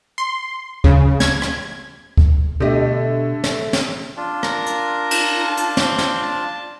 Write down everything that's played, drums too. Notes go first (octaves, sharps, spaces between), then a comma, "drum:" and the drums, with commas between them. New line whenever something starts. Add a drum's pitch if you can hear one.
C6
C#3, drum: kick D2
G#6, drum: snare
drum: rim click
drum: kick D2
B2 D3 A3 G4 D#5
drum: snare
drum: snare
D4 F4
A#4, drum: rim click
drum: hi-hat
drum: cymbal
A5
drum: hi-hat
C4, drum: snare
drum: snare
A5